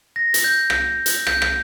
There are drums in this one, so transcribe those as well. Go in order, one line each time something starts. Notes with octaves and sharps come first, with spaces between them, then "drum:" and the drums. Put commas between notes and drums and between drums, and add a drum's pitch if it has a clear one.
A#6
drum: hi-hat
G6
drum: rim click
drum: hi-hat
G6, drum: rim click
drum: rim click